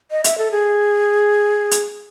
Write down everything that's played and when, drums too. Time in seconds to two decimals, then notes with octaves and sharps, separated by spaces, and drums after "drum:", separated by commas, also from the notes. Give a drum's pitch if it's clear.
0.11 D#5
0.24 E5, drum: hi-hat
0.38 A4
0.51 G#4
1.71 drum: hi-hat